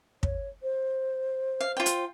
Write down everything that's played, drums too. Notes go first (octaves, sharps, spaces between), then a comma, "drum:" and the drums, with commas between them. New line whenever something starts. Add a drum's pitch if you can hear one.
C#5, drum: kick
C5
F5
F4 G5
drum: hi-hat